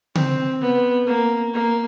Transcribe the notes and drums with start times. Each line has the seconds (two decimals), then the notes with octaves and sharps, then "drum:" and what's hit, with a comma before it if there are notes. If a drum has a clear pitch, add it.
0.15 C4, drum: tom C#3
0.62 B3
1.07 A#3
1.54 A#3